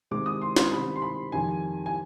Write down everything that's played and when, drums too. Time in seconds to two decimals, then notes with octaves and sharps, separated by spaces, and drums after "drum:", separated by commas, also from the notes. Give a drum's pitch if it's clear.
0.11 C3 D#3 G#3 C4 D6
0.26 D#6
0.42 C6
0.56 C6, drum: snare
0.71 C3 D#3 G3 C4 B5
0.96 C6
1.02 B5
1.32 F2 C3 D#3 G3 G#5
1.86 G#5